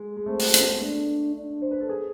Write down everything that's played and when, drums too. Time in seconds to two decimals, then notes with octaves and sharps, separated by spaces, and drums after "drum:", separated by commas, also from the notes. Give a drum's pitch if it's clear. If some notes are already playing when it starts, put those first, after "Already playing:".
Already playing: G#3
0.17 G#3
0.26 A3 C4
0.39 A3, drum: open hi-hat
0.54 B3, drum: hi-hat
0.67 G#3
0.81 A3 D4
1.34 D4
1.62 C5
1.71 B4
1.80 A4
1.89 G#4